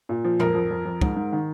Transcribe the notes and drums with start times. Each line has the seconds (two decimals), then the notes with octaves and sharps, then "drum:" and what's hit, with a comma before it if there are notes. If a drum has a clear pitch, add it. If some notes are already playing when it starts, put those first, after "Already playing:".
0.09 A#2
0.24 F3
0.40 F2 A#4, drum: tom
0.55 F2
0.71 F2
0.86 F2
1.01 G#2, drum: kick
1.16 G#2
1.33 D#3